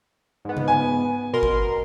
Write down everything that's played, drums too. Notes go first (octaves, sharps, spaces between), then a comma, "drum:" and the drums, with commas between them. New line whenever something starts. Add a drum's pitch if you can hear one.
G#2 B3
drum: tom C#3
G#5
B2 A#4 C6
drum: kick G#1